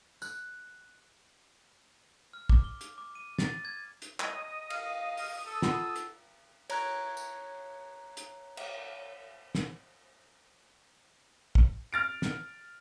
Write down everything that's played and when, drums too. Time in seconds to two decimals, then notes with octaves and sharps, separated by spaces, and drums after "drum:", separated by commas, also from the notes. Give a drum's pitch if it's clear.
0.22 F#6, drum: tambourine
2.33 F6
2.49 D6, drum: kick
2.64 G7
2.81 drum: hi-hat
2.98 D6
3.15 D#7
3.39 A6, drum: snare
3.65 G#6
4.02 drum: hi-hat
4.20 D#5, drum: clap
4.70 F5, drum: cymbal
5.17 drum: open hi-hat
5.34 D#6
5.46 A4
5.62 F4 F#5 C6, drum: snare
5.96 drum: hi-hat
6.70 C#5 A#5 F#6 G#6, drum: cymbal
7.17 drum: tambourine
8.17 drum: hi-hat
8.57 drum: cymbal
9.55 drum: snare
11.55 drum: kick
11.93 F6 A6 D7
12.22 drum: snare